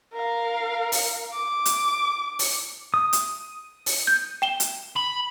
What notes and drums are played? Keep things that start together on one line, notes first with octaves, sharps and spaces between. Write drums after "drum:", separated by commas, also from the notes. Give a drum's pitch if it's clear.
A#4 F5
drum: open hi-hat
D6
drum: hi-hat
drum: open hi-hat
D#6
drum: hi-hat
drum: open hi-hat
G6
G5 E7 G7
drum: hi-hat
B5